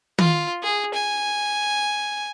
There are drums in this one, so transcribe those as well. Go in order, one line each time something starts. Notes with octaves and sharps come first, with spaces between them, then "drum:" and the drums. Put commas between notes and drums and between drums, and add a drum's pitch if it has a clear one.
F4, drum: tom
G#4
G#5